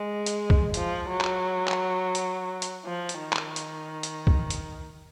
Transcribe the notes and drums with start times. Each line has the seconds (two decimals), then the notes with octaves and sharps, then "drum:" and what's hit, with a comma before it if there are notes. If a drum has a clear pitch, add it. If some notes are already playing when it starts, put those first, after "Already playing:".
Already playing: G#3
0.26 drum: hi-hat
0.50 drum: kick
0.74 F3, drum: hi-hat
1.09 F#3
1.21 drum: clap
1.68 drum: clap
2.15 drum: hi-hat
2.62 drum: hi-hat
2.85 F3
3.09 drum: hi-hat
3.21 D#3
3.33 drum: clap
3.56 drum: hi-hat
4.03 drum: hi-hat
4.27 drum: kick
4.50 drum: hi-hat